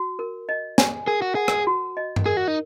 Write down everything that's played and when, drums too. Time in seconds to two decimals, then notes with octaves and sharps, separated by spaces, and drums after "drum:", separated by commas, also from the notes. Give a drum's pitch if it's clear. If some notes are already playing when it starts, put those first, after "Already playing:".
Already playing: F#4
0.19 A#4
0.49 D#5
0.78 G#5, drum: snare
1.07 G#4 A#4
1.22 F#4
1.35 G#4 F#5
1.48 drum: rim click
1.67 F#4
1.97 D#5
2.16 drum: tom G2
2.25 G#4 A#4
2.37 F#4
2.48 D#4